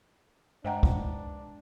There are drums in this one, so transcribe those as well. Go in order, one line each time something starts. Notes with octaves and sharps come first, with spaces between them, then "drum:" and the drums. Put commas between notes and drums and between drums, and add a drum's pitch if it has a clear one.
G2 G#3 D4 C5 D#5 F#5 G5 A#5
drum: kick